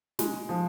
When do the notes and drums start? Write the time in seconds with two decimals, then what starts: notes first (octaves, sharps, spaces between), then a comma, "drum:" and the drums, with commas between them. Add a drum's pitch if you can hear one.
0.19 G#3, drum: snare
0.49 F3